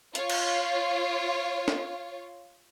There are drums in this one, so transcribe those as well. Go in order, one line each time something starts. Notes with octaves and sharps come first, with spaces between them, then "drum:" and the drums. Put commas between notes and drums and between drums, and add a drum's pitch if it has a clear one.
F4 C#5, drum: hi-hat
drum: cymbal
drum: snare